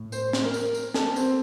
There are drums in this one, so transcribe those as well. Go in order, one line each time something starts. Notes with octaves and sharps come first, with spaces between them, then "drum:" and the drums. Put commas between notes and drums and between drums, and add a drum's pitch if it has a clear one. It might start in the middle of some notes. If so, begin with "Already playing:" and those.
Already playing: A2
C5, drum: tambourine
drum: snare
A#4
drum: tambourine
drum: tambourine
A4, drum: snare
C4, drum: tambourine